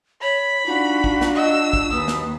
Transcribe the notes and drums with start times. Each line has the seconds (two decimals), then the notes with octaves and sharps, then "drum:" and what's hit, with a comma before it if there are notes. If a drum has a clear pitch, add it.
0.22 C#5 B5
0.66 D4 D#4 F4 F#4 A#5
1.04 drum: kick
1.21 drum: snare
1.35 D#5 E6
1.73 drum: kick
1.91 D#2 B4 D#6
2.08 drum: snare